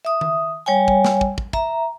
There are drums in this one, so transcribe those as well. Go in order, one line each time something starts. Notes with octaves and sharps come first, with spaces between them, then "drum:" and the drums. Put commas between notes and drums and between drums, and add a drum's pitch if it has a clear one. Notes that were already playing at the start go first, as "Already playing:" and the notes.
E5 D#6
drum: tom D#3
G3 C#5 G5 G#5
drum: kick
drum: snare
drum: kick
drum: kick
E5 A#5, drum: kick